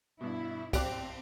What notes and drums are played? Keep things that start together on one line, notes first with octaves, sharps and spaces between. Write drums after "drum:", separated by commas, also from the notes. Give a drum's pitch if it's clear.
G2 B2 E4
C4 G4 D5 F5 F#6 D7, drum: kick, cymbal